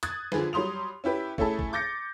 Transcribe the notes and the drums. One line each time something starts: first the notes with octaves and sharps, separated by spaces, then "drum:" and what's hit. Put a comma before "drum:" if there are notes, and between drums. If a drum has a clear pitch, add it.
D#6 F#6 G#6 A6, drum: hi-hat
D3 F3 G#4 B4, drum: snare
F#3 G3 C6 D#6 F7
C#4 E4 G4 B4
A3 C#4 E4 G#4 A4, drum: kick
drum: kick
D6 G6 A6 A#6 C#7